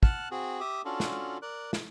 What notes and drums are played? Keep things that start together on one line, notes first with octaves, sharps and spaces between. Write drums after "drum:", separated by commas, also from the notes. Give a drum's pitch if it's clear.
F#5 A5 F6 F#6, drum: kick
C4 F#4 G#4
G4 E5 D6 D#6
C#4 D4 F4 F#4 A4
drum: snare
A#4 D5 F#6
drum: snare